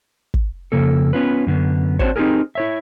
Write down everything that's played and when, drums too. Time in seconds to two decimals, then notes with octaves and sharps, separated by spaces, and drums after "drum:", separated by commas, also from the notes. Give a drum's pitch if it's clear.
0.34 drum: kick
0.72 F2 C#3 A#3 A4
1.13 B3 C#4 F4 B4
1.47 F#2 D3 B3
1.99 C4 D4 E4 F#4 C5 C#5, drum: kick
2.16 C4 D#4 F4 G4 G#4 A#4
2.55 E4 C#5 E5